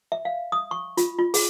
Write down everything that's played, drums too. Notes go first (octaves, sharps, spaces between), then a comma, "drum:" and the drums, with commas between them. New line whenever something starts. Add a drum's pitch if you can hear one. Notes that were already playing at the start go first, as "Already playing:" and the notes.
E5
F5
D#6
C#6
F4, drum: hi-hat
F4
G#4, drum: open hi-hat